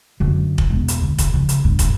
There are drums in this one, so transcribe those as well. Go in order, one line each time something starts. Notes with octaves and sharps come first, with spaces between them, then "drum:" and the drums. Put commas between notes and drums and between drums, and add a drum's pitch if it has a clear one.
F#2 D3
drum: kick
E1
drum: hi-hat
D3
drum: kick, hi-hat
C#3 F3
drum: hi-hat
G2
drum: kick, hi-hat